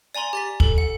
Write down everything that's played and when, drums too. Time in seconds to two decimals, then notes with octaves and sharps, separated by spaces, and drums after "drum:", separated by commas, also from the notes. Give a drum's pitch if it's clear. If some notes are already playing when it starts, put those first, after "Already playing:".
0.14 D5 G#5 A#5 C6 F#7
0.33 G4 A6 B6
0.60 A4 F#7, drum: kick
0.78 F#5